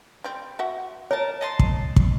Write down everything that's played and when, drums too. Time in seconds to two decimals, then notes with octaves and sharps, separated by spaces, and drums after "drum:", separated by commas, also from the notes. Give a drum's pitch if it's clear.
0.24 G3 C4
0.59 F#4 E5 F#5
1.11 A#4 C#5 A5
1.41 D#5 A5 C6
1.59 drum: kick
1.96 drum: kick